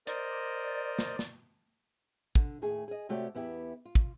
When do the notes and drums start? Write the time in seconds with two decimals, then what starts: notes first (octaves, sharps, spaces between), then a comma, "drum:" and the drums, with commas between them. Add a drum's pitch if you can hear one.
0.07 A#4 C5 D5 D#5, drum: hi-hat
0.99 drum: snare
1.19 drum: snare
2.35 D3, drum: kick
2.62 D#2 A2 A3 G#4
2.88 G#4 D#5
3.09 C3 A3 F#4 G4 C#5 D5
3.35 E2 B3 E4 G4
3.85 F4
3.95 drum: kick